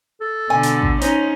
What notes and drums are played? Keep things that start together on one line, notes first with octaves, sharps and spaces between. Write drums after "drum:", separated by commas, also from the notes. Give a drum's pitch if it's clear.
A4
B2 D3 G#5
drum: hi-hat
drum: kick A1
C#4 D#4 C5, drum: hi-hat